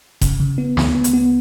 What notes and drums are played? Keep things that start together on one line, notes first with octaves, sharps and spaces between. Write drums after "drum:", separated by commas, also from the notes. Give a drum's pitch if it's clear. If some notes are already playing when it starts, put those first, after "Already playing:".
C#3, drum: kick D#1, hi-hat
C#3
B3
D2, drum: snare
B3
drum: hi-hat
B3